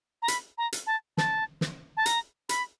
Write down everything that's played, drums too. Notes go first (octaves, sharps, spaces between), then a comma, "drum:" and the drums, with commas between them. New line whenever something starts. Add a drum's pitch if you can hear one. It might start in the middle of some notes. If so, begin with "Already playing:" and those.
A#5
B5, drum: hi-hat
A#5
drum: hi-hat
A5
A5, drum: snare
drum: snare
A5
A#5, drum: hi-hat
B5, drum: hi-hat